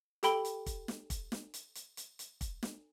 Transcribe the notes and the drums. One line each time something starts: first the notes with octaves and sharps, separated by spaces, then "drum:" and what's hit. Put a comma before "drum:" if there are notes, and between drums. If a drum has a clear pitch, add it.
G4 A4 G5 B5 G7, drum: hi-hat
drum: hi-hat
drum: kick, hi-hat
drum: snare
drum: kick, hi-hat
drum: snare
drum: hi-hat
drum: hi-hat
drum: hi-hat
drum: hi-hat
drum: kick, hi-hat
drum: snare